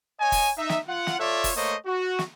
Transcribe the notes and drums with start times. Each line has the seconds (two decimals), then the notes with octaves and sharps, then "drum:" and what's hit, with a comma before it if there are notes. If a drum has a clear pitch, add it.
0.20 C#5 D#5 G#5
0.32 drum: kick, open hi-hat
0.57 D#4 E5
0.69 drum: snare
0.88 F4 F#5
1.07 drum: snare
1.20 F4 A4 C#5 D5 E5
1.44 drum: kick, open hi-hat
1.55 A3 A#3 C5 C#5 D#5
1.85 F#4
2.19 drum: snare